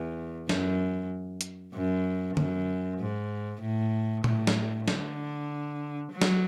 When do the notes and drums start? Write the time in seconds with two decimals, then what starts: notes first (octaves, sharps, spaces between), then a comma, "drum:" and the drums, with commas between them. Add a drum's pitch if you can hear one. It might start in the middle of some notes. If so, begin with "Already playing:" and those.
Already playing: E2
0.49 F#2, drum: snare
1.41 drum: hi-hat
1.74 F#2
2.37 F#2, drum: tom
2.99 G#2
3.61 A2
4.24 A2, drum: tom A#2
4.47 drum: snare
4.88 D3, drum: snare
6.12 F#3
6.22 drum: snare